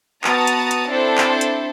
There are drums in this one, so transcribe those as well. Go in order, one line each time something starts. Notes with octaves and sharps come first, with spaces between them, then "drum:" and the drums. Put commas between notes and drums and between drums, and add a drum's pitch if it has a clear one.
B3 F#4 A5 A#5 D#6 A6, drum: clap
drum: hi-hat
drum: hi-hat
C4 D4 E4 A4 C5
drum: clap
drum: hi-hat